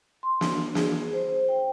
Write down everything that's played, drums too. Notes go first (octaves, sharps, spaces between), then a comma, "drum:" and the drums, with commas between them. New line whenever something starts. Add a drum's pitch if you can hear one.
C6
D4, drum: snare
G#4, drum: snare
C5
G5